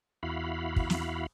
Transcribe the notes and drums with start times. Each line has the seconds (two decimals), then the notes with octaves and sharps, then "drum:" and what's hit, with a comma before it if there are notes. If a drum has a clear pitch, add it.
0.23 E2 E4 F#4 F5 B5
0.76 drum: kick
0.90 drum: snare